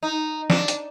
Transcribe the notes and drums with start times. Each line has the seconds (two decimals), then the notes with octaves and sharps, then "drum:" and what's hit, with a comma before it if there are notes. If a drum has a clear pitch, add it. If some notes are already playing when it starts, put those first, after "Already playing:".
0.03 D#4
0.50 D4, drum: snare
0.68 drum: hi-hat